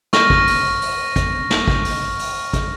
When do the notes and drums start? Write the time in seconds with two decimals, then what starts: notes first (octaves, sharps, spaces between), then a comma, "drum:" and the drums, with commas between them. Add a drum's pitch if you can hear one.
0.13 C#6 F6 A#6, drum: snare
0.30 drum: kick
0.47 drum: open hi-hat
0.82 drum: open hi-hat
1.16 drum: kick, hi-hat
1.50 drum: snare
1.68 drum: kick
1.85 drum: open hi-hat
2.19 drum: open hi-hat
2.53 drum: kick, hi-hat